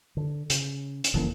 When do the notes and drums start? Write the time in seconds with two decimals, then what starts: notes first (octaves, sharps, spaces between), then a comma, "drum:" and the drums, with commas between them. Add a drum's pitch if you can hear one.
0.17 D3
0.50 C#3, drum: hi-hat
1.04 drum: hi-hat
1.14 F1 F2 C#3 E3 F3 A#3